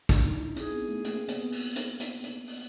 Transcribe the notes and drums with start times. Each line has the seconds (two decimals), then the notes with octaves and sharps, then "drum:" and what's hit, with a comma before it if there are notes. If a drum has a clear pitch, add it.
0.09 D4, drum: kick, hi-hat
0.25 D#4
0.40 E4
0.56 C4 G#4, drum: hi-hat
0.72 B3
0.89 A3
1.04 A#3, drum: hi-hat
1.16 C4
1.28 B3, drum: hi-hat
1.40 B3
1.52 drum: open hi-hat
1.76 drum: hi-hat
2.00 drum: hi-hat
2.24 drum: hi-hat
2.47 drum: open hi-hat